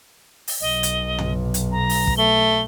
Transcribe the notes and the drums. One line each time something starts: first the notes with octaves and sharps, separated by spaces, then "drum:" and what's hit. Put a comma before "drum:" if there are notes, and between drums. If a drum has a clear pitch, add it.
drum: open hi-hat
B1 D#5
drum: hi-hat
drum: tom
drum: hi-hat
A#5
drum: open hi-hat
drum: kick
A3 G7